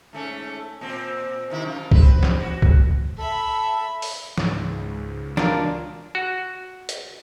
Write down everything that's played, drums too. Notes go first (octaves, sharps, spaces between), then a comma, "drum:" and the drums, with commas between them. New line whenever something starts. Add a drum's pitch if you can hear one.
G#2 A3 C#4
A#2 C4
C3 D#3 E4
F#2 F4
C4 B4, drum: kick C2
drum: snare
F#4
drum: kick C2
A4 E5 B5
drum: open hi-hat
C#2 G#2, drum: snare
B2 D4 F4 A#4, drum: snare
F#4
drum: hi-hat